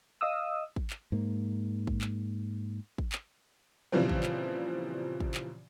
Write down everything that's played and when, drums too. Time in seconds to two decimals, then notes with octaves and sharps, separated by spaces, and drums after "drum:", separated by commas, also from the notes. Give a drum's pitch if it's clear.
0.21 D#5 F5 D#6 E6
0.76 drum: kick
0.90 drum: clap
1.12 G#2 A#3
1.87 drum: kick
2.01 drum: clap
2.98 drum: kick
3.12 drum: clap
3.92 A#2 C#3 E3 F3 G3 C4
4.09 drum: kick
4.23 drum: clap
5.20 drum: kick
5.34 drum: clap